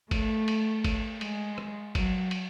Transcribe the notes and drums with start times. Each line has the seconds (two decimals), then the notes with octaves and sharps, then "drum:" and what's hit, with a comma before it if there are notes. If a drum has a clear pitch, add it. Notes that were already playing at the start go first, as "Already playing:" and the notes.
0.11 A3, drum: kick G1, cymbal
0.48 drum: cymbal
0.84 drum: kick G1, cymbal
1.21 G#3, drum: cymbal
1.58 drum: rim click
1.95 F#3, drum: kick G1, cymbal
2.31 drum: cymbal